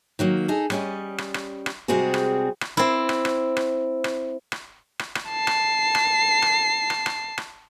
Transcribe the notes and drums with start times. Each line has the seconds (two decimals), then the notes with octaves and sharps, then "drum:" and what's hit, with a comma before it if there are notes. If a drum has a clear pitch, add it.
0.19 D#3 F#3 A#3
0.48 D#4 G#4 A4
0.70 G3 C#4 D#5, drum: rim click
1.18 drum: rim click
1.34 drum: rim click
1.66 drum: rim click
1.88 C3 G3 G#3 C4 F#4 G#4
2.14 drum: rim click
2.61 drum: rim click
2.77 C4 E4
3.09 drum: rim click
3.25 drum: rim click
3.57 drum: rim click
4.04 drum: rim click
4.52 drum: rim click
4.99 drum: rim click
5.15 drum: rim click
5.30 A5 C7
5.47 drum: rim click
5.95 drum: rim click
6.42 drum: rim click
6.90 drum: rim click
7.06 drum: rim click
7.38 drum: rim click